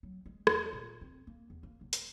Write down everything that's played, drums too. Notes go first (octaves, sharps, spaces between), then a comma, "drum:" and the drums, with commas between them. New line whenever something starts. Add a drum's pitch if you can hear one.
F#3
G#3
E2, drum: rim click
A#2
C4
A#3
E2
A#3
E1
drum: hi-hat